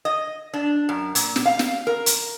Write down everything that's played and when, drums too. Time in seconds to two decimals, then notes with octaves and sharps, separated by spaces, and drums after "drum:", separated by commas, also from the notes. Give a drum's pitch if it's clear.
0.05 D#5
0.54 D4
0.89 F#2
1.15 A#2, drum: hi-hat
1.36 drum: snare
1.46 F5
1.59 drum: snare
1.87 A#4
2.06 drum: hi-hat